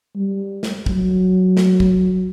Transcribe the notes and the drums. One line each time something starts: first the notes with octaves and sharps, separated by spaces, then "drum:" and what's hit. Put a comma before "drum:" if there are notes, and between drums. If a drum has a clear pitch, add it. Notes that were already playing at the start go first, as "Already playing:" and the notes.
G3
drum: snare
F#3, drum: kick
drum: snare
drum: kick